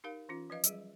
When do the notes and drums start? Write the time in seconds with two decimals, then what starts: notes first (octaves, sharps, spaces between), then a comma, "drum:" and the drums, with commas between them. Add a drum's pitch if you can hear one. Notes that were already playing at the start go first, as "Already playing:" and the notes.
0.04 D#4 G4 A#4 F5
0.29 E3 C#4 F4
0.50 F3 B4 D#5 F5
0.64 F#3 G3 G#4, drum: hi-hat